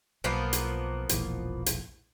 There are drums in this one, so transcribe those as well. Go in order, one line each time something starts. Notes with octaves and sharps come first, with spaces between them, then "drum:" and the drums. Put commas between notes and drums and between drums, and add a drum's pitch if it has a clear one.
B1 F3 A#3 B3
drum: hi-hat
E1 A#1 E3, drum: hi-hat
drum: hi-hat